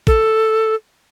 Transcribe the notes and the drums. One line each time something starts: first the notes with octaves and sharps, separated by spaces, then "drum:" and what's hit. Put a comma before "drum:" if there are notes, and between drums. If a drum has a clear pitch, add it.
A4, drum: kick